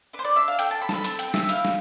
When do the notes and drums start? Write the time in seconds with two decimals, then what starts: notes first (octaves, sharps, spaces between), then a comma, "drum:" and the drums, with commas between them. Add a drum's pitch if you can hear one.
0.13 D4 B4
0.19 C5
0.25 D5
0.36 D4 E5
0.48 F5
0.59 A4 G5, drum: hi-hat
0.71 A5
0.82 A4 B5
0.89 A5, drum: snare
0.93 B5
1.04 C4 A5, drum: hi-hat
1.19 G5, drum: hi-hat
1.28 C4
1.34 E5, drum: snare
1.49 E4 F5, drum: hi-hat
1.65 drum: snare